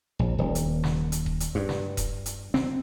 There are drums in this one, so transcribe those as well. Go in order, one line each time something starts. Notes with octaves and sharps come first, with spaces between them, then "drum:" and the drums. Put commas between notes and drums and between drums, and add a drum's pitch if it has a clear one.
A#1
D#1
drum: hi-hat
drum: snare
drum: hi-hat
drum: kick D#1
drum: hi-hat
G2
drum: snare
drum: kick D#1, hi-hat
drum: hi-hat
C4, drum: snare